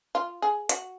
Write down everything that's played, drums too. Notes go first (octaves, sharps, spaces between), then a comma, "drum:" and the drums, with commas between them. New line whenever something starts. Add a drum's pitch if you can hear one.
F4
G#4
F#4, drum: hi-hat